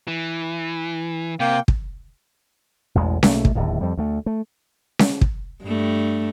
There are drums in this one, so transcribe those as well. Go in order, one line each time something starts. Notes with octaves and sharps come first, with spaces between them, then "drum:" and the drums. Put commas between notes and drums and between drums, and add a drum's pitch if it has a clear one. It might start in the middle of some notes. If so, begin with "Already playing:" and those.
E3
C3 A#3 G5
drum: kick
A1 E2 B2 G#3
B1 A3 A#3, drum: snare C#4
drum: kick
D1 D#2 A2
F2 G3
D2 A3
A3
drum: snare C#4
drum: kick
G2 A3